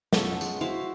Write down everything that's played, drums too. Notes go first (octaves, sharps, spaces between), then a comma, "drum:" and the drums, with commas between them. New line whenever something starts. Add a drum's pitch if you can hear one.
B3 C#4 F4 A4, drum: snare
G#3, drum: tambourine
E4 F#4 C5 F5